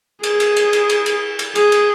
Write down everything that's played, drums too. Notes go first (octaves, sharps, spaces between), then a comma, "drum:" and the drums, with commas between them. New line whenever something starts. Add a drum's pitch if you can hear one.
G#4, drum: cymbal
drum: cymbal
drum: cymbal
drum: cymbal
drum: cymbal
drum: cymbal
drum: cymbal
G#4, drum: cymbal
drum: cymbal